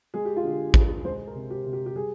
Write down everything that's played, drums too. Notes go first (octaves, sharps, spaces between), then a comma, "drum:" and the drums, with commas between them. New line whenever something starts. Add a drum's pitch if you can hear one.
G#3 G#4
G4
F4
D3 G4
G#3, drum: kick A1
G#3 C5
A#4
C3
G4
C3
G4
G4
G3 G#4